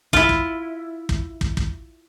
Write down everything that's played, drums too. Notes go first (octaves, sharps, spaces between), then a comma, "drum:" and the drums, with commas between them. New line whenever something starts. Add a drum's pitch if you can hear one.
E4 F4, drum: kick
drum: kick
drum: kick
drum: kick
drum: kick